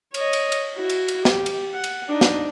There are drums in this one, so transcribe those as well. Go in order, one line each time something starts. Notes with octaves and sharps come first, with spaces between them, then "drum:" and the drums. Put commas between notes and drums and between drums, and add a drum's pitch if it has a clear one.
C#5 D#5, drum: cymbal
drum: cymbal
drum: cymbal
E4 F#4
drum: cymbal
drum: cymbal
G4, drum: snare
drum: cymbal
F#5
drum: cymbal
D4 D#4
drum: snare